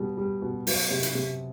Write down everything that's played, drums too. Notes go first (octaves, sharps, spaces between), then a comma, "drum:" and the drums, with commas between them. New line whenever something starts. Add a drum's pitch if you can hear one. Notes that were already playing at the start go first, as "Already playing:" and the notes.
Already playing: B2 G3
G3
B2
F#3, drum: open hi-hat
C3
drum: hi-hat
C3